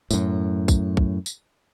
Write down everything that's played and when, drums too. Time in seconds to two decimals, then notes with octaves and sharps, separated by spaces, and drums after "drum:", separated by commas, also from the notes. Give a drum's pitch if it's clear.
0.11 F#2 A2, drum: tambourine
0.68 drum: kick, tambourine
0.97 drum: kick
1.26 drum: tambourine